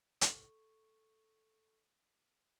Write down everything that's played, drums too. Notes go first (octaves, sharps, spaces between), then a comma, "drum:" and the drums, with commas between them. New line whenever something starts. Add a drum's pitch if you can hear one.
A4 C#6, drum: hi-hat